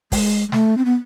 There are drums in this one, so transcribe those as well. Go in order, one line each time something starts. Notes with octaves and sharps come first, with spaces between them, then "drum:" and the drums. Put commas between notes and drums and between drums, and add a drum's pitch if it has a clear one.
G#3, drum: kick, open hi-hat
G#3
A3, drum: snare
C4
B3